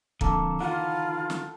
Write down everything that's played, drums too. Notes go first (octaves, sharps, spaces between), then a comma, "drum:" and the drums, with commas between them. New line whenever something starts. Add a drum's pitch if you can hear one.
F2 D3 A#3 A4, drum: kick
D#3 E3 F4 F#5 B5
drum: snare